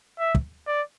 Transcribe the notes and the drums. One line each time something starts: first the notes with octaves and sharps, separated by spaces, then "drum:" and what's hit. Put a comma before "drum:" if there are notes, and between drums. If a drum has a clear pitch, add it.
E5
drum: kick
D5